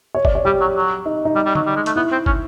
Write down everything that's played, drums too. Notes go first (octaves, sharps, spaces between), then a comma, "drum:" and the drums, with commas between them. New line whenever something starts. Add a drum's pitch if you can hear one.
C#5
D5, drum: kick
C#5
G3 G4
F#3
F#3
D#4
D#4
G3
G3
F#3, drum: tom D3
G3
G#3
A3, drum: hi-hat
B3 E4
C4
C#4, drum: kick